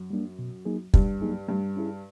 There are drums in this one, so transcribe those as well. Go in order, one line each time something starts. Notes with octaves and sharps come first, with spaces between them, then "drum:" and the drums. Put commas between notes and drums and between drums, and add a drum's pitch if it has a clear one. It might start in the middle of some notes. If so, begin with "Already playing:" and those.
Already playing: F#2
G3 A#3 D4
B2
F#3 A#3 D#4 G#4
G2 B2, drum: kick
F#3 A#3 D#4 G#4
G2 A3
C#4 E4 G#4